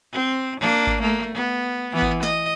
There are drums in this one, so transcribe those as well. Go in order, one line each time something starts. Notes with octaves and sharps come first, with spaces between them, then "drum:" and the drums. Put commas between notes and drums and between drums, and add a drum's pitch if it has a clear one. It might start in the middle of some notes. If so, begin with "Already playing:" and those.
C4
A#3 D4
drum: kick G#1
A3 A#3
B3
E3 B3
drum: kick G#1
D#5, drum: snare